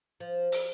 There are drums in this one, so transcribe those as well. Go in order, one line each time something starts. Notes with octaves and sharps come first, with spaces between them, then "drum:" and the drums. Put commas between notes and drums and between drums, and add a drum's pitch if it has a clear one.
F3
drum: open hi-hat